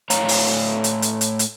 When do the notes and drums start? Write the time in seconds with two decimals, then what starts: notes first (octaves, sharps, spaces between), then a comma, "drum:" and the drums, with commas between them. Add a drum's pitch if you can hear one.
0.10 A2 C#5 F5 A#5, drum: hi-hat
0.28 drum: open hi-hat
0.84 drum: hi-hat
1.02 drum: hi-hat
1.21 drum: hi-hat
1.39 drum: hi-hat